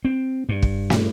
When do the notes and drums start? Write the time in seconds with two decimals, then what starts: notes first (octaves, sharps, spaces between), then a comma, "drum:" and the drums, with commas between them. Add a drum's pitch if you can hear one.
0.05 C4
0.49 G2
0.62 drum: kick
0.90 drum: snare